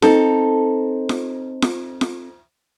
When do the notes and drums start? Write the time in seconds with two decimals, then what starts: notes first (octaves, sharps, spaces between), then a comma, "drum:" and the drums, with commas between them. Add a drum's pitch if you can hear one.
0.02 C4 D#4 A4, drum: snare F4
1.09 drum: snare F4
1.62 drum: snare F4
2.01 drum: snare F4